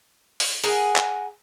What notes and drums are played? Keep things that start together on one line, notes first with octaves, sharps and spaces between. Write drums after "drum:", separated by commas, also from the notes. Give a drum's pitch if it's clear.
drum: open hi-hat
G#4 A#4 F#5 G#5, drum: open hi-hat
drum: clap